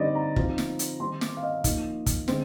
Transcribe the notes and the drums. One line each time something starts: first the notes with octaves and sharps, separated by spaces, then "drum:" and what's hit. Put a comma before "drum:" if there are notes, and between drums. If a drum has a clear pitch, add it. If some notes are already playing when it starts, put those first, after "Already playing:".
Already playing: D3 G3 C4 D#4 D5 D#5
A#5
F3 C4 D#4, drum: kick
drum: snare
drum: hi-hat
D#3 G3 C4 D#4 C6
D6, drum: snare
F5
D#5
F3 A#3 D#4, drum: kick, hi-hat
drum: kick, hi-hat
D3 G#3 C4, drum: snare